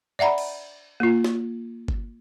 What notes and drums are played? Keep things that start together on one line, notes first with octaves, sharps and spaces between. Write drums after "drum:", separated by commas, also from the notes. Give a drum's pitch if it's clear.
D5 E5 F#5 A#5 B5
drum: cymbal
A#3 F4
drum: snare F#4
drum: kick G1